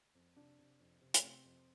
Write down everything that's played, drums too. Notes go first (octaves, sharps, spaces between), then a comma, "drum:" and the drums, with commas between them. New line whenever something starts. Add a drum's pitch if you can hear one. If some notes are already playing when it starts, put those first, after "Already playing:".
F2
C3 D4
C3
F2
C3
A3, drum: hi-hat
C3 C4
F2